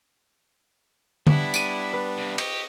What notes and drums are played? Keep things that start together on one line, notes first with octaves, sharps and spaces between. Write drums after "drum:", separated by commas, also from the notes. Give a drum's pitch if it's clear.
G3 B3 D4 E4, drum: tom
D7 D#7, drum: tambourine
B4
G2 C3
G4 D#5 C#6 D#6, drum: cymbal